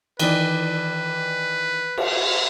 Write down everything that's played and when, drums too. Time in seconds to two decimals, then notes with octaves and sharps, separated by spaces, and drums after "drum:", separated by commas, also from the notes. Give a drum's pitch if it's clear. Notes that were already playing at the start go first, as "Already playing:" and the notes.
0.20 D#3 E3 B4 D5, drum: cymbal
1.98 drum: cymbal